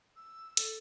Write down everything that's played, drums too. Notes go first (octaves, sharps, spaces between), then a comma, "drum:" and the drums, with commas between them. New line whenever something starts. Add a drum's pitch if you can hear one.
E6
A4, drum: hi-hat